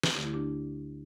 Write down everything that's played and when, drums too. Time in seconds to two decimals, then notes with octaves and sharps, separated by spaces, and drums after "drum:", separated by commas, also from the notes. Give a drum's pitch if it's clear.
0.03 drum: snare
0.15 D2 D3 A3 G4
0.24 E4
0.33 D4 G4